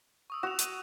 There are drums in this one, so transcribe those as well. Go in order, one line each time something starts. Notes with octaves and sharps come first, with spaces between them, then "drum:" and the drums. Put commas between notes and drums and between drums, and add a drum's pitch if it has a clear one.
C#6 D#6 E6
F#4 E7 F7
D#7, drum: hi-hat